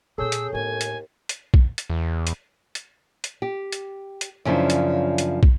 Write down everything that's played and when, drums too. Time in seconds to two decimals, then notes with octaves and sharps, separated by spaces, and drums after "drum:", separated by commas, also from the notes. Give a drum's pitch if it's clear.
0.18 A#2 C4 G#4 A4 C#5 E6 G6
0.32 drum: hi-hat
0.53 D#2 A2 B3 G#5
0.81 drum: hi-hat
1.29 drum: hi-hat
1.54 drum: kick
1.78 drum: hi-hat
1.90 E2
2.27 drum: hi-hat
2.75 drum: hi-hat
3.24 drum: hi-hat
3.42 G4
3.72 drum: hi-hat
4.21 drum: hi-hat
4.45 F#2 C#3 F3 C#4 D4 E4
4.70 drum: hi-hat
5.18 drum: hi-hat
5.43 drum: kick